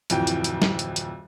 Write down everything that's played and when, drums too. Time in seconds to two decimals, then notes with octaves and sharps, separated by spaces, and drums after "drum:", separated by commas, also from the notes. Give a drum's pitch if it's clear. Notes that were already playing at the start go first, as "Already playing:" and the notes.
0.10 D1 F2 E3 G5, drum: hi-hat
0.27 drum: hi-hat
0.44 drum: hi-hat
0.62 drum: snare
0.79 drum: hi-hat
0.96 drum: hi-hat